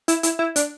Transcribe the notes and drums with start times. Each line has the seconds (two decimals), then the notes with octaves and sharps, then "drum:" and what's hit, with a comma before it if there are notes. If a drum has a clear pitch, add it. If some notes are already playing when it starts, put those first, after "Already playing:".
0.08 E4, drum: hi-hat
0.23 E4, drum: hi-hat
0.39 E4
0.56 D4, drum: hi-hat